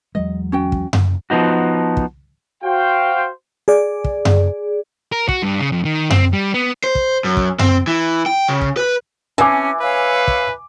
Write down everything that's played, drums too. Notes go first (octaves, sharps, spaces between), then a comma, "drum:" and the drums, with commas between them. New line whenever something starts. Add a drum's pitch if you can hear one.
E2 F#3 G#3 D#5
C#4 F#4 G5
drum: kick
drum: tom F#2
F3 B3 D#4 F#4
drum: kick
F#4 C5 F5 G5
G#4 D5
drum: kick
drum: tom F#2
A#4
F#4, drum: kick
G2
C#3
F2
D#3
C4, drum: tom F#2
G3
B3
C5
drum: kick
F#2
drum: kick
C4, drum: tom F#2
E3
G5
C#3
drum: kick
B4
E3 C#4 G#5 A5 D6
B4 C#5 F5 E6
drum: kick